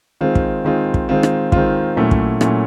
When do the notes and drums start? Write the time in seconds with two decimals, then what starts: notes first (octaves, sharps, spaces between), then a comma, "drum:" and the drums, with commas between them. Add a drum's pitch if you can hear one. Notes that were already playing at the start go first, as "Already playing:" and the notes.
0.21 D#3 G#3 C4 F4
0.35 drum: kick
0.65 D#3 G#3 C4 F4
0.94 drum: kick
1.09 D#3 G#3 C4 F4
1.23 drum: rim click
1.52 D#3 G#3 C4 F4, drum: kick
1.96 A#2 F#3 A3 C#4 E4
2.11 drum: kick
2.41 A#2 F#3 A3 C#4 E4, drum: rim click